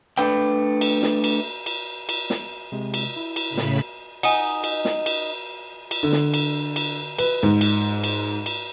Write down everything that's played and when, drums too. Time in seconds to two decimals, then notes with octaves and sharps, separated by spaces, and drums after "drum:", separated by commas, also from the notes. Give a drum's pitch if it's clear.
0.18 A3 D4 B4 G5
0.81 drum: cymbal
1.03 drum: snare
1.24 drum: cymbal
1.66 drum: cymbal
2.09 drum: cymbal
2.30 drum: snare
2.72 C3 G#3
2.94 drum: cymbal
3.16 E4
3.36 drum: cymbal
3.48 A2 C#3 B5
3.57 drum: snare
4.23 D#4 F#5 G#5, drum: cymbal
4.64 drum: cymbal
4.85 drum: snare
5.06 drum: cymbal
5.91 drum: cymbal
6.03 D3
6.12 drum: snare
6.34 drum: cymbal
6.76 drum: cymbal
7.18 B4, drum: cymbal
7.43 G#2
7.61 drum: cymbal
8.03 drum: cymbal
8.46 drum: cymbal